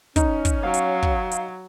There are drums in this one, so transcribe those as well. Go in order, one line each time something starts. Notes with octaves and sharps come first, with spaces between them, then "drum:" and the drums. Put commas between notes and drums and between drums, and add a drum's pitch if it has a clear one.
C#4 D#4, drum: kick, hi-hat
drum: kick, hi-hat
F#3 F5
drum: hi-hat
drum: kick
drum: hi-hat